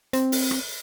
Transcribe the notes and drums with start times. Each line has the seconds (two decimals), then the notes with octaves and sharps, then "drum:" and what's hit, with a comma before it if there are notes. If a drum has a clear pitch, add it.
0.13 C4, drum: hi-hat
0.32 drum: open hi-hat
0.51 drum: rim click